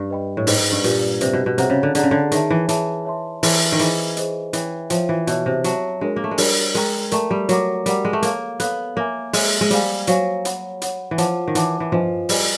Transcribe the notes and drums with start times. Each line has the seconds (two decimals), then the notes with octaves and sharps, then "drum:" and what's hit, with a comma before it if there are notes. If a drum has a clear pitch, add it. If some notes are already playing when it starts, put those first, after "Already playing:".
Already playing: G2
0.10 B4 D#5 G5 B5
0.37 A2
0.47 G#2 B4 D#5 G5 B5, drum: open hi-hat
0.59 G#2
0.72 G2
0.84 A#2 G4 B4 D5, drum: hi-hat
1.21 C3 G4 B4 D5, drum: hi-hat
1.33 B2
1.46 B2
1.58 C3 G#4 C#5 F#5 A#5, drum: hi-hat
1.70 C#3
1.83 D3
1.95 D3 G#4 C#5 F#5 A#5, drum: hi-hat
2.03 C#3
2.11 D3
2.31 D#3 G#4 C#5 E5 A5, drum: hi-hat
2.51 E3
2.69 E3 G#4 C#5 E5 A5, drum: hi-hat
3.05 C#5 E5 A5 C6
3.43 E3 C#5 E5 A5 C6, drum: open hi-hat
3.72 D#3
3.79 E3 G#4 C5 D#5, drum: hi-hat
4.17 G#4 C5 D#5, drum: hi-hat
4.53 E3 C#5 E5 G5, drum: hi-hat
4.90 F3 C#5 E5 G5, drum: hi-hat
5.09 E3
5.27 B2 C#5 E5 A5, drum: hi-hat
5.46 C3
5.64 F#3 C#5 E5 A5, drum: hi-hat
6.01 G#3 D4 F#4 A#4 C#5
6.16 A#3
6.24 A3
6.31 G#3
6.38 G3 D4 F#4 A#4 C#5, drum: open hi-hat
6.74 G#3 A#4 D5 G5 A#5 C#6, drum: hi-hat
7.11 A3 A#4 D5 G5 A#5 C#6, drum: hi-hat
7.31 G3
7.49 F#3 A#4 D5 F#5 A#5 D6, drum: hi-hat
7.86 G3 A#4 D5 F#5 A#5 D6, drum: hi-hat
8.05 G#3
8.13 A3
8.22 A#3 A4 C#5 F5, drum: hi-hat
8.60 B3 A4 C#5 F5, drum: hi-hat
8.96 A#3 C#5 E5 G#5
9.33 G#3 C#5 E5 G#5, drum: open hi-hat
9.61 G#3
9.71 G3 C5 F5 G#5, drum: hi-hat
10.07 F#3 C5 F5 G#5, drum: hi-hat
10.45 C#5 F#5 B5, drum: hi-hat
10.82 C#5 F#5 B5, drum: hi-hat
11.11 E3
11.18 F3 C#5 F#5 A5 D6, drum: hi-hat
11.48 D#3
11.55 E3 C#5 F#5 A5 D6, drum: hi-hat
11.80 E3
11.92 F3 B4 D#5 G#5, drum: tom G2
12.29 G3 B4 D#5 G#5, drum: open hi-hat